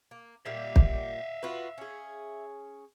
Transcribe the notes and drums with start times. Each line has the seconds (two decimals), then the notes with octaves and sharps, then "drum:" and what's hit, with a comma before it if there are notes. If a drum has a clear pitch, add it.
0.11 A#3
0.46 A#2 G3 E5 F5
0.76 drum: kick
1.43 F4 F#4 B4
1.78 C#4 G#4